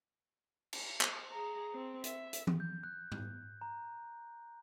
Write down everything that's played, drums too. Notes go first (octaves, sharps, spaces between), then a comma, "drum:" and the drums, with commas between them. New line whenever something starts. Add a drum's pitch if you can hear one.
drum: cymbal
C5, drum: clap
G#4 A#5
C4
E5, drum: hi-hat
drum: hi-hat
drum: tom E3
G6
F#6
drum: tom G#2
A#5